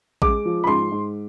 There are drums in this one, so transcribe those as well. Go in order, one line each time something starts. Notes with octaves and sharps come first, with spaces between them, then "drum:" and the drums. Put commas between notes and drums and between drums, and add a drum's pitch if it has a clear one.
G#3 D6, drum: kick A#1
F3
B5
G#2 C6
G#2